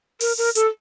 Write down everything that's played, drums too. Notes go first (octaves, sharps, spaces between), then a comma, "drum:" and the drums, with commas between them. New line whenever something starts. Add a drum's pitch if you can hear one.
A#4, drum: open hi-hat
A#4
A4, drum: hi-hat